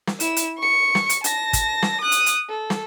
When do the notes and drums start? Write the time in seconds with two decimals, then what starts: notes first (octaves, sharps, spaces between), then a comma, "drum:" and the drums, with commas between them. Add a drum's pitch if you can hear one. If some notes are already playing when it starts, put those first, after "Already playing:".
0.07 drum: snare
0.20 E4 E7, drum: hi-hat
0.37 drum: hi-hat
0.58 C#6 C#7
0.95 drum: snare
1.09 drum: hi-hat
1.24 A5 A#6, drum: hi-hat
1.53 drum: kick, hi-hat
1.82 drum: snare
2.01 D#6 F#6
2.12 drum: hi-hat
2.26 drum: hi-hat
2.50 A4
2.70 drum: snare